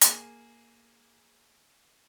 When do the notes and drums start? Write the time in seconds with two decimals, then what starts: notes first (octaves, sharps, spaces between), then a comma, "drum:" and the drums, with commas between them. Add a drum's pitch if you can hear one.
0.01 A#3 G#4, drum: hi-hat